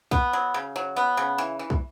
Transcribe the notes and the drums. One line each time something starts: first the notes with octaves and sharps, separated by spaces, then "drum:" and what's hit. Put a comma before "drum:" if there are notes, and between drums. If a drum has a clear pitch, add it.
B3, drum: kick
F#3
C#3
F#3
B3
C#3
E3
E3
drum: kick